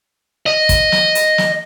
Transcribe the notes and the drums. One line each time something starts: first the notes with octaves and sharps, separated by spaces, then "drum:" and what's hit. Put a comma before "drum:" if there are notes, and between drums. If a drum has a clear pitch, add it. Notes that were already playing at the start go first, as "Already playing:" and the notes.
D#5
drum: kick, hi-hat
drum: snare
drum: hi-hat
drum: snare